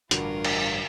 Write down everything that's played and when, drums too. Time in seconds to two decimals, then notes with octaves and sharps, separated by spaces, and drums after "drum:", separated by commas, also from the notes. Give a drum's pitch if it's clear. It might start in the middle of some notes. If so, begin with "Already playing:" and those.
0.11 A1 G2 D3 D4 F4 F#4 A#4, drum: hi-hat
0.44 drum: cymbal